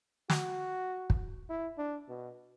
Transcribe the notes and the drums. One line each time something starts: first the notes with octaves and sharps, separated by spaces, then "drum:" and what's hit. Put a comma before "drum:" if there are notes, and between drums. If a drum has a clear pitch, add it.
F#4, drum: snare
drum: kick
E4
D4
B2